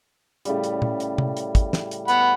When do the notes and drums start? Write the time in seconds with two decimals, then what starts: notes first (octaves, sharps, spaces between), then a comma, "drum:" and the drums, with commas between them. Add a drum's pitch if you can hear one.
0.45 A2 C#3 G3, drum: hi-hat
0.64 drum: hi-hat
0.82 drum: tom
1.00 drum: hi-hat
1.18 drum: tom C3
1.37 drum: hi-hat
1.55 drum: kick, hi-hat
1.73 drum: snare
1.91 drum: hi-hat
2.08 F#5 B5, drum: hi-hat